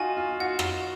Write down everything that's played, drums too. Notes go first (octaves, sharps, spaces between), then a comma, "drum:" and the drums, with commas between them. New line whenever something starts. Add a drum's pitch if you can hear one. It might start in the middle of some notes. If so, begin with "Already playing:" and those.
Already playing: D#4 F4 F#4 G#5
F4
F#4 F#5
drum: rim click